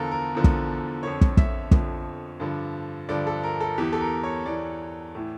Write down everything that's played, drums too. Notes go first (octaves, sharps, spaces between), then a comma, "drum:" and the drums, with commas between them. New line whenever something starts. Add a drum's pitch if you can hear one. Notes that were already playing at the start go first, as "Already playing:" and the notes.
Already playing: E2 D3 F3 F4 A4 A#4
A#4
E2 D3 F3
drum: kick
F2 D3 F3 C#5
drum: kick
E5, drum: kick
F2 D3 F3, drum: kick
G2 D3 F3
G2 D3 F3 D5
A4
A#4
A4
E2 E3 G4
A4
A#4
C#5
E2 E3 D5
A2 E3